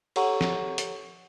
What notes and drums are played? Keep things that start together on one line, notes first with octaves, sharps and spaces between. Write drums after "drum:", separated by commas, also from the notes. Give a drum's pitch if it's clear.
G4 A4 C#5 F#5 A#5 C#6, drum: cymbal
drum: snare
drum: hi-hat